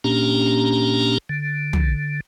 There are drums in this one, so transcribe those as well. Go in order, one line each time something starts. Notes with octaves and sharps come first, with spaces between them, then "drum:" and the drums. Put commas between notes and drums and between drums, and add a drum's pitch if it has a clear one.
A#2 A#3 C#4 D4 G4 A#5
D3
drum: tom